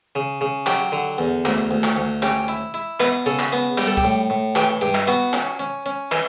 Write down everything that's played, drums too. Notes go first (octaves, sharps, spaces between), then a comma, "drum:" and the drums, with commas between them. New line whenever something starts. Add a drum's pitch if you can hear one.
C#3
C#3
F#3 G4, drum: clap
D3
E2
D2, drum: clap
D2
drum: clap
D2
C#4 G4, drum: clap
E4
E4
B3 B4, drum: clap
C#3 A4
drum: clap
B3
G3 G4, drum: clap
A4
G4, drum: kick C#2
A2
A2
E3 G4, drum: clap
G2 G4
drum: clap
B3 F#4
C#4, drum: clap
C#4
C#4
E3, drum: clap